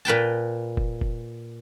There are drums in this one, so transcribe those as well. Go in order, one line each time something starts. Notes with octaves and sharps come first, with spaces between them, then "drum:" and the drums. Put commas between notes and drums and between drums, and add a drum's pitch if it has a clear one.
A#2 B4 G5 A5
drum: kick
drum: kick